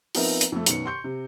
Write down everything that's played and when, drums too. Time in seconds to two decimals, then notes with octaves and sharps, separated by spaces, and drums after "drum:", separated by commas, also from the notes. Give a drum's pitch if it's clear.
0.15 F3 B3 C4 D#4 A#4 E5, drum: open hi-hat
0.41 drum: hi-hat
0.52 F2 A3
0.66 F#2 B2 D#3 C#7, drum: hi-hat
0.85 C6 C#6 G6 C#7
1.04 C3